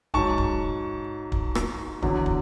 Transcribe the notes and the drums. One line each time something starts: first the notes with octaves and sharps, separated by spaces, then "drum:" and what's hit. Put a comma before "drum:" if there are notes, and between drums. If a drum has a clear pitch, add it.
G#2 F#3 A5 C#6, drum: kick
drum: kick
drum: kick
drum: rim click
E2 D3 F#3, drum: kick
drum: kick